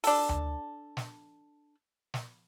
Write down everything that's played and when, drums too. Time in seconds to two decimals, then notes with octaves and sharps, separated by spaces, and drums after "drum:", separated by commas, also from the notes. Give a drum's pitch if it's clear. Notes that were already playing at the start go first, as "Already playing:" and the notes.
0.04 D4 A4, drum: open hi-hat
0.29 drum: tom D2
0.97 drum: snare
2.14 drum: snare